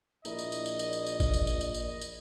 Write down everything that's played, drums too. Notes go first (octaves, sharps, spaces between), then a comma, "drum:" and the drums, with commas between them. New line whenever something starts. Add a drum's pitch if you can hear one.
A#1 A#3 E4 A#4 D5 D#5, drum: tambourine
drum: tambourine
drum: tambourine
drum: tambourine
drum: tambourine
drum: tambourine
drum: tambourine
drum: kick A1, tambourine
drum: tambourine
drum: tambourine
drum: tambourine
drum: tambourine
drum: tambourine